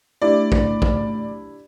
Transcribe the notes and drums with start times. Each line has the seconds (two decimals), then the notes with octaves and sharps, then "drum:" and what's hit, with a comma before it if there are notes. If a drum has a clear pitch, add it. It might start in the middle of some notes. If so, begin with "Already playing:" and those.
0.22 A3 D4 E4 G4 D5
0.52 drum: kick
0.82 drum: kick